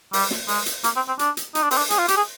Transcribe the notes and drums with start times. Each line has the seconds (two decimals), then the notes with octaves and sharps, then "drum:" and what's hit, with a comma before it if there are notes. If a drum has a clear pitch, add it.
0.13 G3, drum: open hi-hat
0.31 drum: snare
0.48 G#3, drum: open hi-hat
0.66 drum: hi-hat
0.84 A#3, drum: hi-hat
0.96 C4
1.08 C4
1.19 D4, drum: hi-hat
1.37 drum: hi-hat
1.55 D#4, drum: hi-hat
1.63 D4
1.71 C4, drum: open hi-hat
1.77 D4
1.90 G#4, drum: hi-hat
1.98 F4
2.08 G4, drum: hi-hat
2.17 G#4